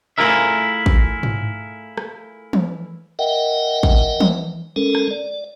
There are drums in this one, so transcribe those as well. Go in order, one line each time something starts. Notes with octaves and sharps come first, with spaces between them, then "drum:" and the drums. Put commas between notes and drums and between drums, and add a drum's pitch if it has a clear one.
A3 E4 F4 G#4 A#4 E5
drum: kick
drum: tom G#2
drum: rim click
drum: tom E3
A#4 D#5 E5 F#5 G5
drum: kick
drum: tom E3
G#3 C#4 A4 A#4
drum: rim click
D5